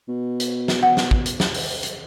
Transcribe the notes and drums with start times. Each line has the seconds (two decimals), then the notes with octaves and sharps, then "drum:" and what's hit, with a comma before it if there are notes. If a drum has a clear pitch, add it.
0.08 B2
0.40 drum: hi-hat
0.68 drum: snare
0.83 F#5
0.97 drum: snare
1.11 drum: kick
1.26 drum: hi-hat
1.40 drum: snare
1.54 drum: open hi-hat
1.83 drum: hi-hat